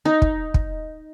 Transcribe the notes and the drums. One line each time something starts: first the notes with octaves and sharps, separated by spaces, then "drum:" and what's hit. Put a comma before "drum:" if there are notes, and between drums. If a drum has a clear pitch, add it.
D#4
drum: kick
drum: kick